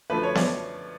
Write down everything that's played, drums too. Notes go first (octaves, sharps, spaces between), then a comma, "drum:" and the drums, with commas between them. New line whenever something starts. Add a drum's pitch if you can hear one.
F#2 D3 F3 A3 B4
C#5
D5, drum: snare B3